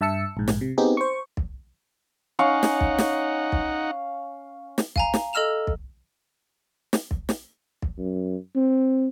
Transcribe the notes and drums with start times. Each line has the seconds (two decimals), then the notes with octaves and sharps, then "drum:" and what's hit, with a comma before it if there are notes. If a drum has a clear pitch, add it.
0.01 G2 E5 A5 E6 C#7
0.37 A#1 G#2
0.48 drum: snare
0.61 C3
0.78 B3 C4 D#4 G4 G#4
0.97 C5 C#6
1.37 drum: kick
2.39 C#4 D#4 F5 F#5 C#6
2.63 drum: snare
2.81 drum: kick
2.98 drum: snare
3.52 drum: kick
4.78 drum: snare
4.96 F5 G#5 A#5, drum: kick
5.14 drum: snare
5.33 A4 D#5 E6 F6 E7 F7
5.67 drum: kick
6.93 drum: snare
7.11 drum: kick
7.29 drum: snare
7.82 drum: kick
7.98 F#2
8.55 C4